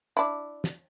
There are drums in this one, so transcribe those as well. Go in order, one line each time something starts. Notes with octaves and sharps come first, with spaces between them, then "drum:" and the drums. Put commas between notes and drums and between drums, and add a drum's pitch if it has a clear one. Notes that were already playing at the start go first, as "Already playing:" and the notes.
D4 E4
drum: snare